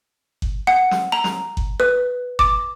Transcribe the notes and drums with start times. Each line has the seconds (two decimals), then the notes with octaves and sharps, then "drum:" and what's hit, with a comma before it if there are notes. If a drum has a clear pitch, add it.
0.42 drum: kick G1
0.67 F#5
0.91 drum: snare
1.12 A#5
1.24 drum: snare
1.57 drum: kick G1
1.80 B4
2.39 D6, drum: kick G1